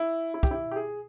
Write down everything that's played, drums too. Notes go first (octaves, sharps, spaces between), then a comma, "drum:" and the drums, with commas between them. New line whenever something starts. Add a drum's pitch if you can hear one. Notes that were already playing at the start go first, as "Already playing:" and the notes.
Already playing: E4
E4
G4, drum: kick
E4
G4
G#4